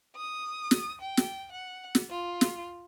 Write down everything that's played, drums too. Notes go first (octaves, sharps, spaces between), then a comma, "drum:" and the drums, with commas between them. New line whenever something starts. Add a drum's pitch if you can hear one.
D#6
drum: snare
G5
drum: snare
F#5
drum: snare
F4
drum: snare